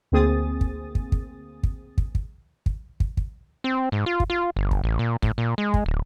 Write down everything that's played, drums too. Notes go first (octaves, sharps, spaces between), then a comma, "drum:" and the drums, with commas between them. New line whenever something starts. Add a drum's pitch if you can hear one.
D2 A#3 C4 G#4 D#6 A6
drum: kick
drum: kick
drum: kick
drum: kick
drum: kick
drum: kick
drum: kick
drum: kick
drum: kick
C4
G#2
F4
drum: kick
F4
G1
drum: kick
A1
A#2
A2, drum: kick
A#2
G#3
drum: kick
D1